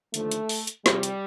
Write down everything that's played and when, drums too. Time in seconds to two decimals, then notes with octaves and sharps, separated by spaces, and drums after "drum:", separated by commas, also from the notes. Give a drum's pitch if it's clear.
0.14 D#2 D3 F3 A3, drum: hi-hat
0.31 drum: hi-hat
0.49 drum: open hi-hat
0.67 drum: hi-hat
0.86 C2 C3 F3 G3, drum: snare
1.03 drum: hi-hat